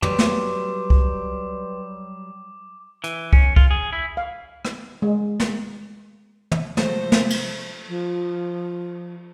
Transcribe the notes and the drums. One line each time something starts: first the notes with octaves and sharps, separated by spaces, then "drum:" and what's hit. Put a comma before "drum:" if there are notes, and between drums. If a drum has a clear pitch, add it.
F#3 G3 B4 C6 D6, drum: tom
drum: snare
drum: kick C2
E3, drum: hi-hat
C#4, drum: kick C2
F4, drum: kick C2
G#4
E4
F5
drum: rim click
G#3
drum: snare
drum: tom
C3 F3 F#3 G#3 A3 C5 A#6, drum: snare
drum: snare
drum: cymbal
F3